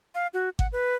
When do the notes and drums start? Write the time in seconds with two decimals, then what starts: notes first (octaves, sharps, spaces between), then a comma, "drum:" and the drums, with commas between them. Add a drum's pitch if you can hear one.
0.15 F5
0.34 F#4
0.59 F#5, drum: kick G#1
0.72 B4